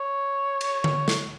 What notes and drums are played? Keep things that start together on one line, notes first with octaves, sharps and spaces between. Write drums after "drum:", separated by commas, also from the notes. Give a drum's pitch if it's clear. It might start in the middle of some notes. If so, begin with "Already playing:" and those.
Already playing: C#5
drum: cymbal
drum: tom D3
drum: snare